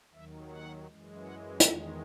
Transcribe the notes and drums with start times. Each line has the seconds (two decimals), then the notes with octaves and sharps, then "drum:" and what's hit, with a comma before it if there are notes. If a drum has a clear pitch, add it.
0.13 D#2 D#3 F#3 E5
0.50 F#5
0.87 F#2 E3 G#3
1.24 F#5
1.60 E2 D#3 G#3 E5, drum: hi-hat